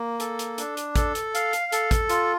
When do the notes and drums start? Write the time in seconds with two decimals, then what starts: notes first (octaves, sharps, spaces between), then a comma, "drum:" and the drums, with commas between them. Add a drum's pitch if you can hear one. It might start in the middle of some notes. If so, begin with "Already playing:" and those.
Already playing: A#3
0.20 A4, drum: hi-hat
0.39 drum: hi-hat
0.58 D4, drum: hi-hat
0.77 drum: hi-hat
0.96 A4, drum: kick, hi-hat
1.15 drum: hi-hat
1.35 F5, drum: hi-hat
1.53 drum: hi-hat
1.72 A4, drum: hi-hat
1.91 drum: kick, hi-hat
2.09 F4, drum: hi-hat